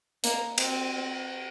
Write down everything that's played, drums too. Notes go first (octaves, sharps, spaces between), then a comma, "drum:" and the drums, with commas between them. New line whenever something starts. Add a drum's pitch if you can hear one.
A#3, drum: hi-hat
C4, drum: cymbal